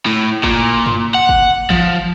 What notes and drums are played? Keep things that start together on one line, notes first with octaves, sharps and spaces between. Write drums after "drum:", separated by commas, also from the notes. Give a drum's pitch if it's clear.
A2
A#2, drum: kick
drum: tom F#2
F#5
drum: kick
F3, drum: kick